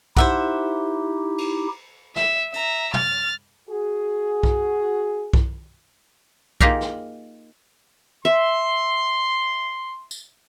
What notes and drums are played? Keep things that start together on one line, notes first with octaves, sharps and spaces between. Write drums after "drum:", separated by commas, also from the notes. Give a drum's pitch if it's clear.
D#4 E4 G4 C5 E5 F#5, drum: kick B1
drum: cymbal
E5, drum: snare
E5 A#5, drum: hi-hat
F6 A6, drum: tom
F#4 G#4
drum: kick B1
drum: kick B1
A#3 D#4 F4 G4 G#4 A#4, drum: kick B1
drum: snare
E5 C6
drum: tambourine